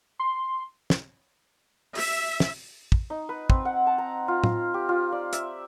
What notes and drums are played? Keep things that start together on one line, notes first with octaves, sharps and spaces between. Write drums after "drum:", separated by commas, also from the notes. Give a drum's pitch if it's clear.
C6
drum: snare
E5, drum: open hi-hat
drum: snare
drum: kick
D#4
B4
C4, drum: kick
F#5
A5
A#5
F4
F5, drum: tom
G4
F4
D5
E5, drum: hi-hat